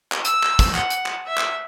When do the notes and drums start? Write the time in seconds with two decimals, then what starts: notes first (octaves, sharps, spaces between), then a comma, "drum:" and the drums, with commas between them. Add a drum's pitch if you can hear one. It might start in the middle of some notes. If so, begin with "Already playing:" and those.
0.12 drum: clap
0.25 E6, drum: hi-hat
0.43 drum: clap
0.59 drum: kick, hi-hat
0.75 F#5, drum: clap
0.90 drum: hi-hat
1.06 drum: clap
1.27 E5
1.38 drum: clap